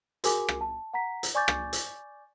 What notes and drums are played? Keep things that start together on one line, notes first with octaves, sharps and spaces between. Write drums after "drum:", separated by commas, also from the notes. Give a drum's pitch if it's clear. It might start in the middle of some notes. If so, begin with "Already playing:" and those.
F#4 G#4 A#4 G#5 D6, drum: hi-hat
drum: rim click
A5
F#5 A#5 B6
drum: hi-hat
D5 G#5 C#6 D6 G6 A6
drum: rim click
drum: hi-hat